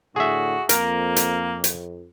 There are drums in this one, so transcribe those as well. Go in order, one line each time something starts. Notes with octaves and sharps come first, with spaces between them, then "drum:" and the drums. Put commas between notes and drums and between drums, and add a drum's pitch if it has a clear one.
A2 D3 F#4 G#4 E5
F2 A#3 A#4, drum: hi-hat
drum: hi-hat
drum: hi-hat